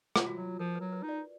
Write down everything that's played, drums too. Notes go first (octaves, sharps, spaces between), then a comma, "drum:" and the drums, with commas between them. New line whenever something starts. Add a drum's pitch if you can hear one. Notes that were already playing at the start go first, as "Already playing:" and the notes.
F4, drum: rim click
F#4
F#3
F3 A#4
B4
F#3
B4
D#4
D5